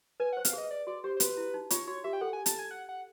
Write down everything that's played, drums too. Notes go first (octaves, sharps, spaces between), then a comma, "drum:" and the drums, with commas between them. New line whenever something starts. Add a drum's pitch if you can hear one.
B4 G#5
F#5
C5
F5, drum: hi-hat
G#4 D#5
D5
F#4 D5
G4 C5
C5
F#4 B4, drum: hi-hat
E4
D#4
F4 C#5, drum: hi-hat
F#4 C#5
G4 E5
G5
A4 F#5
G#5
A5, drum: hi-hat
G#5
F#5
F#5